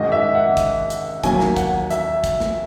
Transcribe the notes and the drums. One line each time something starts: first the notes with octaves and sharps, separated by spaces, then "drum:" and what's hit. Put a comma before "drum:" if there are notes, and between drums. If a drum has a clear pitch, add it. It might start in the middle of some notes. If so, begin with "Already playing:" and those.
Already playing: G#1 G#2 D#3 G#3 D#5
E5
F#5
drum: kick, hi-hat
drum: hi-hat
D#2 D#3 F#3 A#3 G#5, drum: kick, hi-hat
drum: snare
F#5, drum: kick, hi-hat
E5, drum: hi-hat
drum: kick, hi-hat
drum: snare